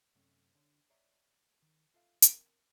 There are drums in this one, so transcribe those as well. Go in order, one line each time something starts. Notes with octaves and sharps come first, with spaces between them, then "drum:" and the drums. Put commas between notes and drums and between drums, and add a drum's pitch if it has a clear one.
F#2 C3 A3 C#4
D3 C#5
C#5 D5 E5 A#5
D#3
F4 A4 E5 F5
C4 A#4, drum: hi-hat